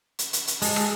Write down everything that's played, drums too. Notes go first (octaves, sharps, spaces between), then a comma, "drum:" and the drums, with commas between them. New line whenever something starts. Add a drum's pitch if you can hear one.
drum: hi-hat
drum: hi-hat
drum: hi-hat
G#3 A5, drum: open hi-hat
drum: rim click